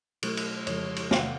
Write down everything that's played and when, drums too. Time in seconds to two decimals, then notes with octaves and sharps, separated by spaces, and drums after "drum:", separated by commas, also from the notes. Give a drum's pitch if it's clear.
0.23 B2 F#3 A3, drum: cymbal
0.37 drum: cymbal
0.67 F2 C#3 F3 G#3 C#5, drum: cymbal
0.96 drum: cymbal
1.11 E2 C3 D#3 F5, drum: snare
1.20 F#5